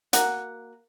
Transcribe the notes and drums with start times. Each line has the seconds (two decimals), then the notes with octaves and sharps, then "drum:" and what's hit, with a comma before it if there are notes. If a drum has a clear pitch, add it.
0.13 A#3 F#4 F#5, drum: hi-hat